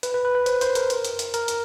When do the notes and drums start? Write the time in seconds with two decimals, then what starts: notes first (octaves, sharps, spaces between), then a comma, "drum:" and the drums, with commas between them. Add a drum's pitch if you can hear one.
0.03 B4, drum: hi-hat
0.14 B4
0.25 B4
0.35 B4
0.46 C5, drum: hi-hat
0.61 C5, drum: hi-hat
0.75 A#4, drum: hi-hat
0.90 drum: hi-hat
1.05 drum: hi-hat
1.19 drum: hi-hat
1.34 A#4, drum: hi-hat
1.48 drum: hi-hat